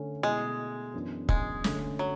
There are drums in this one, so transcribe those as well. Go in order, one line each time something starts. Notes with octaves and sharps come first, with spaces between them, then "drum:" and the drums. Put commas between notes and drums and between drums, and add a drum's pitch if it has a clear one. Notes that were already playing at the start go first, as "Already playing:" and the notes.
Already playing: D3 A3 C#4
B2 G#3 A3 E4
F#2 E3 B3 D4
G#3, drum: kick
D3 A3 C#4, drum: snare
F#3